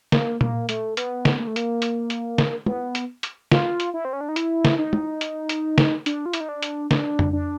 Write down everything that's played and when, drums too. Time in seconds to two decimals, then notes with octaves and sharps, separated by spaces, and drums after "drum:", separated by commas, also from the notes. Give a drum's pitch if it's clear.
0.12 A#3, drum: snare
0.41 A#3, drum: tom A#2
0.69 A3, drum: hi-hat
0.97 B3, drum: hi-hat
1.25 drum: snare
1.40 A#3
1.47 A3
1.56 A#3, drum: hi-hat
1.82 drum: hi-hat
2.10 drum: hi-hat
2.38 drum: snare
2.66 B3, drum: tom
2.95 drum: hi-hat
3.23 drum: hi-hat
3.52 F4, drum: snare
3.80 drum: hi-hat
3.94 E4
4.05 C4
4.13 C#4
4.21 D4
4.29 D#4
4.36 E4, drum: hi-hat
4.65 drum: snare
4.79 D#4
4.93 drum: tom
5.21 drum: hi-hat
5.49 drum: hi-hat
5.78 drum: snare
6.06 D4, drum: hi-hat
6.26 F4
6.33 E4, drum: hi-hat
6.40 D#4
6.49 D4
6.62 drum: hi-hat
6.91 D4, drum: snare
7.19 drum: tom F2
7.33 D4